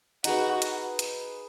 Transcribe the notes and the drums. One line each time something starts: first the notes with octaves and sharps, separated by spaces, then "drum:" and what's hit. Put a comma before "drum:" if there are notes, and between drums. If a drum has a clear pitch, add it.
D#4 F#4 G#4 B4, drum: hi-hat
drum: hi-hat
drum: hi-hat